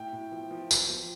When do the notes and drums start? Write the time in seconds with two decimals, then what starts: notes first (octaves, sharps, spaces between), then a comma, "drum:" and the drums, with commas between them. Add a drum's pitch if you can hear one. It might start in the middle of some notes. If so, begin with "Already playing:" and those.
Already playing: A2 G5
0.13 A2
0.32 F3
0.51 F3
0.71 F3, drum: tambourine
0.90 F3